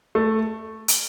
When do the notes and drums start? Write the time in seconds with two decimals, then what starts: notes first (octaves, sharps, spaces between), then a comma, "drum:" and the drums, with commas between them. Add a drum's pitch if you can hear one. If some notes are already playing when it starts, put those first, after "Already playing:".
0.15 A3
0.88 drum: hi-hat